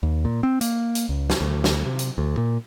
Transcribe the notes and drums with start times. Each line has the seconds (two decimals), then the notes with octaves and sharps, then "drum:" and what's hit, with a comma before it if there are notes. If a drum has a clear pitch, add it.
0.03 D#2
0.25 A#2
0.43 C4
0.61 A#3, drum: hi-hat
0.95 drum: hi-hat
1.09 C#2
1.30 drum: snare
1.41 D2
1.64 drum: snare
1.86 C3
1.99 drum: hi-hat
2.18 D2
2.38 A#2